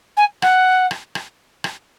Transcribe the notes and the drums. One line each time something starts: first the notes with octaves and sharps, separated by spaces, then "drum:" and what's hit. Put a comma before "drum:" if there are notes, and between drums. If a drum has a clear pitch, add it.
G#5
F#5, drum: rim click
drum: rim click
drum: rim click
drum: rim click